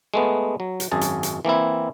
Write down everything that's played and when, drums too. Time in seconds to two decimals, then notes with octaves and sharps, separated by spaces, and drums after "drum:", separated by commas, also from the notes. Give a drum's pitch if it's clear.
0.14 G#3 A3 B3
0.60 F#3
0.80 drum: hi-hat
0.91 G#1 F#2 G#4 A5
1.01 drum: hi-hat
1.23 drum: hi-hat
1.45 E3 A#3 C4 E4